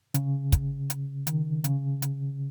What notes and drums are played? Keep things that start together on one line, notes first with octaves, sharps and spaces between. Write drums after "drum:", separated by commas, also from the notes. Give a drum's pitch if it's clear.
C#3, drum: hi-hat
drum: kick, hi-hat
drum: hi-hat
D#3, drum: hi-hat
C#3, drum: hi-hat
drum: hi-hat